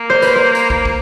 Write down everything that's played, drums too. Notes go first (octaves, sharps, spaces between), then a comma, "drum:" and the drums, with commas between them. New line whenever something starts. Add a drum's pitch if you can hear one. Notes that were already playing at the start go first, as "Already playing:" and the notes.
Already playing: A#3
C5
B4, drum: tambourine
C5
drum: tambourine
drum: kick
drum: kick